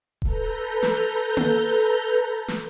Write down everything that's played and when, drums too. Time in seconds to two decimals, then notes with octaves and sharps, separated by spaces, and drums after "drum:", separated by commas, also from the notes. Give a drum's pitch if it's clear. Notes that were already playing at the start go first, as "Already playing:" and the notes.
0.22 A4 B4 A#5 G6, drum: kick D#1
0.82 drum: snare
1.37 drum: tom A#3
2.48 drum: snare